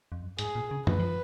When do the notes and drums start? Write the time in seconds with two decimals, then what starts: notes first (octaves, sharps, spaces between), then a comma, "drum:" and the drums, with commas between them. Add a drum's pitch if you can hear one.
0.12 F2
0.23 F#2
0.39 G#2 G#4, drum: hi-hat
0.55 A#2
0.71 C#3
0.87 F3 B4, drum: tom F#2
1.00 F3